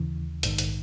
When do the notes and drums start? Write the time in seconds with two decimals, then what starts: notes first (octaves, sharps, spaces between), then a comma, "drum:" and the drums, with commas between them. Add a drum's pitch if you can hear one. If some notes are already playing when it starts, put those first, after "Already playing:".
Already playing: D#2 C#3 E3
0.43 A#1 G#2 D#3, drum: hi-hat
0.58 drum: hi-hat